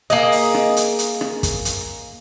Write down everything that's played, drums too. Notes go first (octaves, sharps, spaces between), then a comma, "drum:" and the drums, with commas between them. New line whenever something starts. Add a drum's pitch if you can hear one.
A#3 G#4 D#5
drum: open hi-hat
drum: rim click
drum: hi-hat
drum: hi-hat
drum: rim click
drum: kick, hi-hat
drum: hi-hat